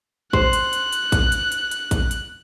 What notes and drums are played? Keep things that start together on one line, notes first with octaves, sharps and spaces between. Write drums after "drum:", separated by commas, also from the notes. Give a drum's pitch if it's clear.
C5 F#6, drum: kick A1
drum: hi-hat
drum: hi-hat
drum: hi-hat
drum: kick A1, hi-hat
drum: hi-hat
drum: hi-hat
drum: hi-hat
drum: kick A1, hi-hat
drum: hi-hat